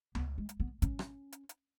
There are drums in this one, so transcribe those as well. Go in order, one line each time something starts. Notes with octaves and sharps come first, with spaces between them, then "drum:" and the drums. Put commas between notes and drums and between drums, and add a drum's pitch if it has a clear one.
B3, drum: tom C#2
G#3
drum: hi-hat
B3
C#4, drum: kick G#1, hi-hat
drum: rim click
drum: hi-hat
drum: hi-hat